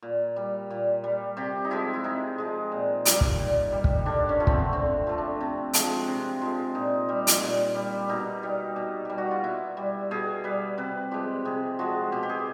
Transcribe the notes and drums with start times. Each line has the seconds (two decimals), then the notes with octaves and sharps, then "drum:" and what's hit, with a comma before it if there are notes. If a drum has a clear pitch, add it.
0.03 A#2
0.36 G3
0.70 A#2
1.04 G3
1.37 C3 G4
1.65 D#4
1.71 F3 G#3 E4
1.93 E4
2.04 C3 D#4
2.38 F3 G#3
2.72 A#2
3.05 G3, drum: hi-hat
3.21 drum: kick
3.39 A#2
3.72 G3
3.84 drum: kick
4.06 D3 D4
4.29 C#4
4.40 F3 A3
4.47 B3 C4, drum: kick
4.73 D3 C4
5.07 F3 A3
5.18 D4
5.41 C3
5.73 F3 G#3, drum: hi-hat
6.07 C3
6.42 F3 G#3
6.75 A#2 D#4
7.09 G3
7.27 drum: hi-hat
7.42 A#2
7.75 G3
8.09 B2 D#4
8.43 G3
8.76 B2
9.05 G3 G4
9.18 F#4
9.31 F4
9.43 B2 E4
9.77 G3
10.11 B2 G#4
10.44 G3 B4
10.78 C3 B4
11.11 F3 G#3 G4
11.45 C3 G#4
11.79 F3 G#3 F#4
12.12 B2 G4
12.23 G4
12.29 G#4